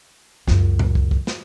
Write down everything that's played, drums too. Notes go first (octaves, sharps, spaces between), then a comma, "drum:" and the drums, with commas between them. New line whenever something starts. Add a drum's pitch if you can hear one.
C#2 F#2, drum: snare
drum: tom A#2
drum: kick
drum: kick
drum: snare